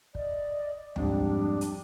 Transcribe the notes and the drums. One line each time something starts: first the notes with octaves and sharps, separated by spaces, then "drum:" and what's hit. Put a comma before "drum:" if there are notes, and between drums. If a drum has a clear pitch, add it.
D5 D#5, drum: kick
F2 G#2 G3 D4, drum: tom D2
drum: hi-hat